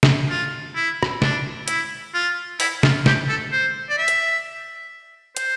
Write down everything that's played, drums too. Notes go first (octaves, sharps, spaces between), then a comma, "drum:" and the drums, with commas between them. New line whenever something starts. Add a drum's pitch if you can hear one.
drum: snare
F4
E4
drum: rim click
D4, drum: snare
E4, drum: hi-hat
F4
E4, drum: open hi-hat
F4, drum: snare
G4, drum: snare
A4
C5
D5
E5
drum: hi-hat
C5, drum: hi-hat